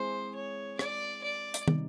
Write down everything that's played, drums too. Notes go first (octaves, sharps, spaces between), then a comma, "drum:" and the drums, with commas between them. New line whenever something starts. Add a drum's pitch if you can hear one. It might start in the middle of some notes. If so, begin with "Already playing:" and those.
Already playing: G#3 C4 E4 G#4 C5
C#5
D5, drum: rim click
D5
drum: hi-hat
C3 D#3 G3 C4 D#4, drum: tom